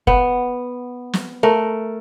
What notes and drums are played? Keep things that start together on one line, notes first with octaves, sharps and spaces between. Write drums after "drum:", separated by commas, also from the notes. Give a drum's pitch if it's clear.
B3, drum: kick
drum: snare
A3 A#4